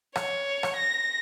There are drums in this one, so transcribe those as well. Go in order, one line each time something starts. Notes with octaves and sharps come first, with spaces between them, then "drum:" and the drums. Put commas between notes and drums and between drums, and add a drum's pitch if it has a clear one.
C#5, drum: rim click
drum: rim click
A#6